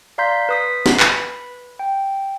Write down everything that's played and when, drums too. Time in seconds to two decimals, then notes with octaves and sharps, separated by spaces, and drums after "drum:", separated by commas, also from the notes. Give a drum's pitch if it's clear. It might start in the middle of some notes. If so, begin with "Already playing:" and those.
0.18 D5 F5 A#5 C6 G6 B6
0.49 B4 D#6 B6
0.86 drum: snare
1.00 B4 B5, drum: clap
1.79 G5